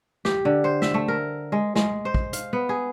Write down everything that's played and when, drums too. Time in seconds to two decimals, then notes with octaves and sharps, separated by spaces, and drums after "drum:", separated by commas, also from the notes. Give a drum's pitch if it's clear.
0.25 G4, drum: snare
0.45 D3
0.64 C5
0.82 E5, drum: snare
0.94 A3
1.08 A#4
1.52 G#3
1.75 G#3, drum: snare
2.05 C5
2.14 drum: kick
2.33 F5, drum: hi-hat
2.53 B3
2.69 G#4